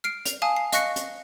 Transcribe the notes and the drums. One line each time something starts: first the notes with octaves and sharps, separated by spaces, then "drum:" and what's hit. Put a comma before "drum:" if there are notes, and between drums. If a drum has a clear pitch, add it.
F6 C7 D7
F7, drum: hi-hat
F5 G#5 A5 D#6
C7
D#5 F5 C#6 F#6 A#6 C#7, drum: hi-hat
drum: hi-hat